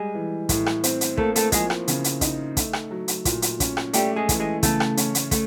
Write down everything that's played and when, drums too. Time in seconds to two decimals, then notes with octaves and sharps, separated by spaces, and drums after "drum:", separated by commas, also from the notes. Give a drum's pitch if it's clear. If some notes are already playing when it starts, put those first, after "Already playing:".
Already playing: G3 G#3 G#4
0.15 E3
0.49 A2, drum: kick, hi-hat
0.66 drum: rim click
0.84 C4, drum: hi-hat
1.01 drum: hi-hat
1.17 A3 A#3 A4, drum: kick
1.36 A3 A4, drum: hi-hat
1.52 F3 G#3 G#4, drum: kick, hi-hat
1.70 drum: rim click
1.88 C#3, drum: hi-hat
2.04 drum: hi-hat
2.21 D#4, drum: kick, hi-hat
2.57 A3, drum: kick, hi-hat
2.73 drum: rim click
2.91 F#3
3.08 drum: hi-hat
3.25 A#2, drum: kick, hi-hat
3.42 drum: hi-hat
3.60 C#4, drum: kick, hi-hat
3.77 drum: rim click
3.93 G3 A3 G4, drum: hi-hat
4.16 G#3 G#4
4.29 E3, drum: kick, hi-hat
4.40 G#3 G#4
4.63 C#3 A3 A4, drum: kick, hi-hat
4.80 drum: rim click
4.97 C#4, drum: hi-hat
5.15 drum: hi-hat
5.31 A3, drum: kick, hi-hat